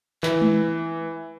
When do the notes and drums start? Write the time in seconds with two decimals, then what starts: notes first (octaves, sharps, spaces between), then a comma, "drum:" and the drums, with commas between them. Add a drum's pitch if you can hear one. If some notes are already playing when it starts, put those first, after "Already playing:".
0.23 E3, drum: clap
0.41 drum: tom G#3